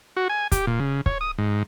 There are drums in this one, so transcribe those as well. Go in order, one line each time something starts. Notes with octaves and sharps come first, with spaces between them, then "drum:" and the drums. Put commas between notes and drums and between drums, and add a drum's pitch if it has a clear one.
F#4
G#5
G4, drum: kick, hi-hat
A#2
C#3
C#5, drum: kick
D#6
G#2